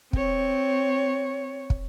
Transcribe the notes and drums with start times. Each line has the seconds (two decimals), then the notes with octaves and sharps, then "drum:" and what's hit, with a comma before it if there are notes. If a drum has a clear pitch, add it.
0.13 C4 C#5, drum: kick
1.70 drum: kick